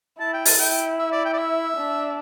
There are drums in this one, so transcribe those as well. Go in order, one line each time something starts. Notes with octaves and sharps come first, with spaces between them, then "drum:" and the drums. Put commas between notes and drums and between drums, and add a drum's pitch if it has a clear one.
E4 A5
G5
A5, drum: open hi-hat
E4 G5
E5
D5
G5
D5
E5
D4